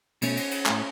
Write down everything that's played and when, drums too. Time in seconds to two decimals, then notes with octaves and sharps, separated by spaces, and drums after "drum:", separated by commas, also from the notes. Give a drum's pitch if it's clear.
0.22 B2 A3 C#4, drum: cymbal
0.37 drum: cymbal
0.51 drum: cymbal
0.66 A2 A3, drum: clap